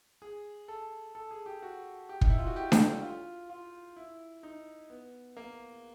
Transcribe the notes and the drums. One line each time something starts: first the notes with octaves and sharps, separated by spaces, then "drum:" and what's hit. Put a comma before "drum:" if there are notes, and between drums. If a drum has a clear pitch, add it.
G#4
A4
A4
G#4
G4
F#4
G4
D#4, drum: kick
E4
F4
F#4
G4
drum: snare D4
F4
F4
E4
D#4
B3
A#3